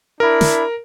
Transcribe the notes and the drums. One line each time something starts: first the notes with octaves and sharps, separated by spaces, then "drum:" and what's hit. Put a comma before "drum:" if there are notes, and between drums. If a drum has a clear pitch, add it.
D4 E4 A#4 B5
drum: snare